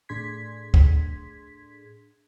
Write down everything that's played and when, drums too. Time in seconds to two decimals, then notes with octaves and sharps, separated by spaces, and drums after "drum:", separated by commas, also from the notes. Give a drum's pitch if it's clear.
0.09 A2 D4 G#4 C6 G#6 B6
0.74 drum: kick